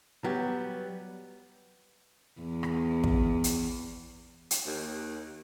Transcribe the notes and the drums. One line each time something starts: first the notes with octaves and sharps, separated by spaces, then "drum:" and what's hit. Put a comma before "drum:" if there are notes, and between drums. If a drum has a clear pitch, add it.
F#3 G3 B3 G4
E2
drum: rim click
drum: kick
drum: hi-hat
drum: hi-hat
D#2